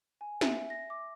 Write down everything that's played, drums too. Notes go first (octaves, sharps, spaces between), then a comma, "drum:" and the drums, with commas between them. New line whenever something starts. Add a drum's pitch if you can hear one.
G#5
E5, drum: snare
A#6
D6